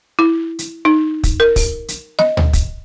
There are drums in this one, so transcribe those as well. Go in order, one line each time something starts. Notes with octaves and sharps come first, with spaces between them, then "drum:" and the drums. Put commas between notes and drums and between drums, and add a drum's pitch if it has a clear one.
E4
drum: hi-hat
D#4
drum: kick, hi-hat
A#4
drum: kick, open hi-hat
drum: hi-hat
D#5, drum: snare
drum: tom D2
drum: kick, hi-hat